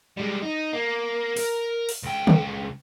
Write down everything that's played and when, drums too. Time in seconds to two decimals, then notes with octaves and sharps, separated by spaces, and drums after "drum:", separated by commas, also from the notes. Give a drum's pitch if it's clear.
0.17 G3 G#3
0.42 D#4
0.74 A#3
1.37 A#4, drum: open hi-hat
1.89 drum: open hi-hat
2.03 C#2 G5
2.27 drum: tom C#3